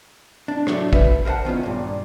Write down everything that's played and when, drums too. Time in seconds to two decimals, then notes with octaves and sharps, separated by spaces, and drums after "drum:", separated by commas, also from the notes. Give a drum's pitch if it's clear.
0.48 D4
0.67 A2 D3 F#3 A3, drum: rim click
0.93 B4 E5, drum: kick
1.25 A#4 C5 D#5 F#5 A5
1.45 D#3 B3 C#4 F4
1.63 G2 A#2